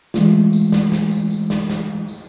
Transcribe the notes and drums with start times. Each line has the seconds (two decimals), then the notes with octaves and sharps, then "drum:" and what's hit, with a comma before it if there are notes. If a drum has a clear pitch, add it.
0.14 E3 G#3 A3 F4, drum: snare
0.53 drum: tambourine
0.72 drum: snare
0.92 drum: snare
1.11 drum: tambourine
1.31 drum: tambourine
1.50 drum: snare
1.70 drum: snare
2.08 drum: tambourine